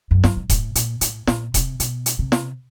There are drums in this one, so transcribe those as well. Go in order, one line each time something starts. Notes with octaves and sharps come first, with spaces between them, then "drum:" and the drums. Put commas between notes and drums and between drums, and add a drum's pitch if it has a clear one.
F#2
G2, drum: snare
G#2
A2, drum: kick D#1, hi-hat
A#2, drum: hi-hat
A2, drum: hi-hat
A#2, drum: snare
C3, drum: kick D#1, hi-hat
B2, drum: hi-hat
drum: hi-hat
C3
drum: snare